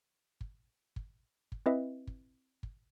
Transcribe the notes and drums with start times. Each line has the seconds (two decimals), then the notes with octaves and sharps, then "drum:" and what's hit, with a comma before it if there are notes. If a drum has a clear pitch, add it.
0.41 drum: kick
0.96 drum: kick
1.52 drum: kick
1.66 C4 E4 B4 D#5 E5
2.07 drum: kick
2.63 drum: kick